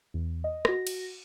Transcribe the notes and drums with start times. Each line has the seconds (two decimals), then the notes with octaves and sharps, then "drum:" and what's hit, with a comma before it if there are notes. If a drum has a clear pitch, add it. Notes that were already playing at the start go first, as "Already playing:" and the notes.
0.14 E2
0.44 D#5
0.65 F#4 A#6, drum: rim click
0.87 drum: cymbal